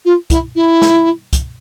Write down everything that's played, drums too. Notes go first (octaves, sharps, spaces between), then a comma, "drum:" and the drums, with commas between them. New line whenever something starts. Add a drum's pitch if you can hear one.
F4
E4, drum: kick, hi-hat
E4
drum: snare
drum: kick, hi-hat